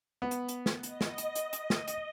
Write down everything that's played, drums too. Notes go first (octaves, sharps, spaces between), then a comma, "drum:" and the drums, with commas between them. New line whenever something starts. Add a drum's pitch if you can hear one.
B3
drum: hi-hat
drum: hi-hat
drum: snare
D#5, drum: hi-hat
drum: snare
drum: hi-hat
drum: hi-hat
drum: hi-hat
drum: snare
drum: hi-hat